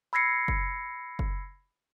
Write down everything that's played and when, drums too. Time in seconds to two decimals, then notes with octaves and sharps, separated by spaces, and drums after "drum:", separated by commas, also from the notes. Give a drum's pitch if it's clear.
0.13 B5 E6 G#6 A#6 C7 C#7
0.48 drum: kick F#1
1.19 drum: kick F#1